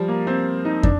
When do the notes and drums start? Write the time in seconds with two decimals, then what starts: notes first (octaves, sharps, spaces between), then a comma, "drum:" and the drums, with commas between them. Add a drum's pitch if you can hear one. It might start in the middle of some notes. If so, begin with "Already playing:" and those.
Already playing: F3 G3
0.08 A#3
0.27 C4
0.65 D#4
0.83 D4, drum: kick